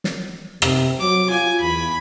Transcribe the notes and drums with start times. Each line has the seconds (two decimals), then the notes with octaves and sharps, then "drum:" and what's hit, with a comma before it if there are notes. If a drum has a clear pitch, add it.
0.04 drum: snare
0.62 C3, drum: rim click
0.99 F#3 D6
1.30 F4 G#5
1.60 E2 B5